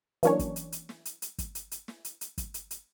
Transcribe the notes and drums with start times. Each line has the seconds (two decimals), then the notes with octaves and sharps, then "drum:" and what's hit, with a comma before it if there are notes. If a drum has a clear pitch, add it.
0.23 E3 F#3 A#3 C#4 D4 C#5, drum: hi-hat
0.39 drum: kick, hi-hat
0.56 drum: hi-hat
0.72 drum: hi-hat
0.89 drum: snare
1.05 drum: hi-hat
1.22 drum: hi-hat
1.38 drum: kick, hi-hat
1.55 drum: hi-hat
1.71 drum: hi-hat
1.88 drum: snare
2.05 drum: hi-hat
2.21 drum: hi-hat
2.38 drum: kick, hi-hat
2.54 drum: hi-hat
2.71 drum: hi-hat